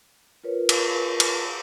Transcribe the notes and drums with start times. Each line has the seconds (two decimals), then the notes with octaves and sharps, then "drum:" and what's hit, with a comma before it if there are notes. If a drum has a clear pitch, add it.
0.44 F4 A#4 B4 C#5
0.69 drum: cymbal
1.20 drum: cymbal